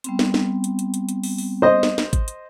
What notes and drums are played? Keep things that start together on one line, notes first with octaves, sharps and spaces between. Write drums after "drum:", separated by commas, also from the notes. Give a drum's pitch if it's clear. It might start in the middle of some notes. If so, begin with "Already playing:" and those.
G3 B3 C4, drum: hi-hat
drum: snare
drum: snare
drum: hi-hat
drum: hi-hat
drum: hi-hat
drum: hi-hat
drum: open hi-hat
drum: open hi-hat
C5 D#5
drum: snare
drum: snare
drum: kick G#1, hi-hat
drum: hi-hat